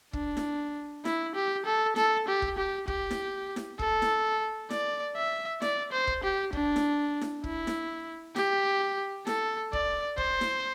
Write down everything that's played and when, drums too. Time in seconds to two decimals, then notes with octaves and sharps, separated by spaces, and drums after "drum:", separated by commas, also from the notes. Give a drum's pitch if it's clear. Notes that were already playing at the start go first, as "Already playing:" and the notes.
0.13 D4, drum: kick
0.37 drum: snare E4
1.05 E4, drum: snare E4
1.35 G4
1.66 A4
1.96 A4, drum: snare E4
2.27 G4
2.42 drum: kick
2.58 G4
2.88 G4, drum: kick
3.11 drum: snare E4
3.56 drum: snare E4
3.79 A4, drum: kick
4.02 drum: snare E4
4.70 D5, drum: snare E4
5.16 E5
5.62 D5, drum: snare E4
5.92 C5
6.07 drum: kick
6.23 G4
6.53 D4, drum: kick
6.76 drum: snare E4
7.21 drum: snare E4
7.44 E4, drum: kick
7.67 drum: snare E4
8.36 G4, drum: snare E4
9.27 A4, drum: snare E4
9.73 D5, drum: kick
10.18 C5, drum: kick
10.41 drum: snare E4